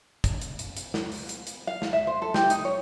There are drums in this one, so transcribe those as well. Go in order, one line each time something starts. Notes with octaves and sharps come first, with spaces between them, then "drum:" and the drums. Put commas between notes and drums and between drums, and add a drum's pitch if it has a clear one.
drum: kick, hi-hat
drum: hi-hat
drum: hi-hat
drum: hi-hat
drum: snare
drum: open hi-hat
drum: hi-hat
drum: hi-hat
F5
drum: snare
E5
C5
A4
G4, drum: snare
D#4, drum: hi-hat
C#5